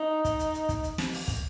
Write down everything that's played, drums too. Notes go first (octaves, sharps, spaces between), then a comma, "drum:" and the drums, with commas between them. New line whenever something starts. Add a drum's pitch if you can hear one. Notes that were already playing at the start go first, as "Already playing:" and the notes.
Already playing: D#4
drum: kick, hi-hat
drum: hi-hat
drum: hi-hat
drum: kick, hi-hat
drum: hi-hat
drum: snare
drum: open hi-hat
drum: kick, hi-hat